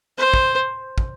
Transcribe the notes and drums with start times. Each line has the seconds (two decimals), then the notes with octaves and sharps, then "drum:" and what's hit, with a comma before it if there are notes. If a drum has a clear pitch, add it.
0.18 C5
0.34 drum: kick
0.98 drum: kick